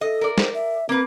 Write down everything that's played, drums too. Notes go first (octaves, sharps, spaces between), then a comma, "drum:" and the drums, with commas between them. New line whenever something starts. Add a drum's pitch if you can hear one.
A4 D#5
A#4 D5
C5, drum: snare
E5
A#3 C4 B4